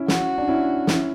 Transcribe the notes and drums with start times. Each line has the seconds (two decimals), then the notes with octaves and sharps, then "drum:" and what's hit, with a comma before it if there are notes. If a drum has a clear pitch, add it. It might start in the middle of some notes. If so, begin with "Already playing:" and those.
Already playing: C#4 E4
0.08 F#4, drum: snare
0.38 D4
0.47 C#4 E4
0.87 C#4 E4, drum: snare